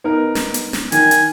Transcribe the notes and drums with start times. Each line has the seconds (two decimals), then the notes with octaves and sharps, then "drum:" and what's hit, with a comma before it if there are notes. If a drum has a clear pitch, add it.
0.04 B3 D#4 A#4
0.35 drum: snare
0.54 drum: hi-hat
0.73 drum: snare
0.92 D#3 G#5, drum: hi-hat
1.11 drum: hi-hat